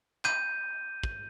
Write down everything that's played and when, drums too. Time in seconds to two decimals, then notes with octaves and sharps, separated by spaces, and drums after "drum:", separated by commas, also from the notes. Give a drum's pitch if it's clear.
0.25 G6 D#7, drum: clap
1.03 drum: kick